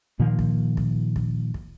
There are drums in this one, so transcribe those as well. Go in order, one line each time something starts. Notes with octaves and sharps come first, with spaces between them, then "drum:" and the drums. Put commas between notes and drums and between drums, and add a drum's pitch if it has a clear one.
A#2 D#3 F3 A#3
drum: kick
drum: kick
drum: kick
drum: kick